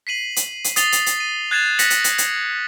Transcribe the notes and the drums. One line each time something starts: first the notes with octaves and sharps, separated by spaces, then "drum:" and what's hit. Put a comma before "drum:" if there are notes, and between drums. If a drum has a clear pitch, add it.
B6 C7 D#7 F#7
drum: hi-hat
drum: hi-hat
D#6 A6 C7 F7 G7, drum: hi-hat
drum: hi-hat
drum: hi-hat
D#7
F#6 G#6 A6 C7 E7 F7
F#6 A#6 B6 C#7 F#7, drum: hi-hat
drum: hi-hat
drum: hi-hat
drum: hi-hat